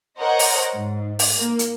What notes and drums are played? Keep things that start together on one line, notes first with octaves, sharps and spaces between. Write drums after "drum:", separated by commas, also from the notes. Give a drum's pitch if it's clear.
A#4 C5 C#5 D#5 F#5
drum: open hi-hat
G#2
drum: open hi-hat
A#3
drum: hi-hat